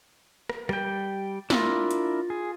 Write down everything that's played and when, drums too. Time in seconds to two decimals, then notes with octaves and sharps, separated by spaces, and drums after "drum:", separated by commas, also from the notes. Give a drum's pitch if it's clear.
0.49 drum: rim click
0.69 G3 G5, drum: rim click
1.50 D4 E4 F4 A#4, drum: snare
1.91 drum: hi-hat
2.30 G#4